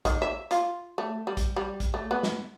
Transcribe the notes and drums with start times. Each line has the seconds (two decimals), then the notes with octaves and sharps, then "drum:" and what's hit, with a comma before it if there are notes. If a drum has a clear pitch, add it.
0.05 D#3, drum: kick A#1, hi-hat
0.22 E5
0.51 F4, drum: hi-hat
0.98 A3
1.27 G3
1.37 drum: kick A#1, hi-hat
1.56 G3
1.80 drum: kick A#1, hi-hat
1.94 A3
2.11 B3
2.23 drum: snare